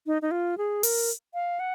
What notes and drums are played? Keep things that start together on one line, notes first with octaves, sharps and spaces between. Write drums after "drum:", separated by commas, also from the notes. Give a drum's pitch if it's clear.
D#4
D#4
F4
G#4
A#4, drum: open hi-hat
F5
F#5